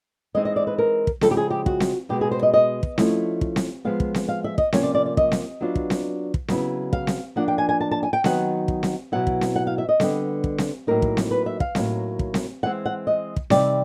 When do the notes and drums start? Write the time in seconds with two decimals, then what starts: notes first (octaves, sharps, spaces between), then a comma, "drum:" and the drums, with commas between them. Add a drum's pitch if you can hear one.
0.34 E3 G#3 C4 D#4 D#5
0.45 D#5
0.56 D5
0.67 B4
0.78 A#4
1.07 drum: kick
1.21 C#3 F3 G#3 C4 E4 A4, drum: snare C4
1.31 G4
1.37 G#4
1.50 G4
1.66 F#4, drum: kick
1.80 drum: snare C4
2.09 B2 G#3 B3 G4
2.21 G#4
2.31 C5
2.43 D#5
2.53 D#5
2.83 drum: kick
2.98 F3 A3 C#4 E4, drum: snare C4
3.41 drum: kick
3.56 drum: snare C4
3.85 F3 G#3 B3 F5
4.00 drum: kick
4.14 drum: snare C4
4.28 F5
4.44 E5
4.58 D#5, drum: kick
4.73 C3 F3 A#3 C#4 F4 C#5, drum: snare C4
4.83 D5
4.95 D5
5.06 D5
5.17 D#5, drum: kick
5.32 drum: snare C4
5.61 F#3 B3 D4 F4
5.75 drum: kick
5.90 drum: snare C4
6.34 drum: kick
6.48 C#3 F#3 B3 E4, drum: snare C4
6.93 F5, drum: kick
7.07 drum: snare C4
7.36 F3 A#3 D4 F4 F#5
7.48 G5
7.58 G#5
7.69 G#5
7.81 A5
7.91 A5
8.03 G#5
8.13 G5
8.24 D#3 F#3 B3 D#4 F#5, drum: snare C4
8.68 drum: kick
8.83 drum: snare C4
9.12 B2 F#3 B3 E4 F#5
9.27 drum: kick
9.41 drum: snare C4
9.56 F#5
9.67 F5
9.78 E5
9.89 D#5
10.00 D3 G3 B3, drum: snare C4
10.44 drum: kick
10.58 drum: snare C4
10.87 A2 F#3 A#3 D#4 A#4
11.02 drum: kick
11.17 drum: snare C4
11.31 B4
11.46 E5
11.60 F5, drum: kick
11.75 A2 F#3 A#3 D#4, drum: snare C4
12.19 drum: kick
12.34 drum: snare C4
12.63 E3 G#3 C4 F#5
12.85 F#5
13.07 D#5
13.36 drum: kick
13.50 C3 E3 G3 C4 D#4 D5, drum: snare C4